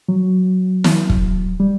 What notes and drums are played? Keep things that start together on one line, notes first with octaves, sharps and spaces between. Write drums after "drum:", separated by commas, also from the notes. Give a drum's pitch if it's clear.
F#3
drum: snare
drum: kick
G3